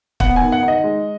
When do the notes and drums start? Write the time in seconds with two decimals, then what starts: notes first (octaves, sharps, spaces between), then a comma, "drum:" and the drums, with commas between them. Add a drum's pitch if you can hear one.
0.20 B3 F#5, drum: kick
0.36 G#5
0.41 D#3
0.52 F#5
0.63 D#4
0.68 D#5
0.84 G#3